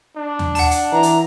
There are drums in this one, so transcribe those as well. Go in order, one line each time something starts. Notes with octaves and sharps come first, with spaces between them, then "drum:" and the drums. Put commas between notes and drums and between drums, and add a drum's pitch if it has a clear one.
D4
drum: tom D#2
F#5 A5, drum: open hi-hat
drum: hi-hat
E3 A#5
drum: hi-hat